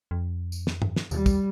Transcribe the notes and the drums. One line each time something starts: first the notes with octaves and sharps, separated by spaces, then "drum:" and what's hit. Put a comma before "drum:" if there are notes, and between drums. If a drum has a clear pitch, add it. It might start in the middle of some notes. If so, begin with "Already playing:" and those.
F2
drum: tambourine
drum: snare
drum: tom G2
drum: snare
D#2 G3, drum: tambourine
drum: kick, tambourine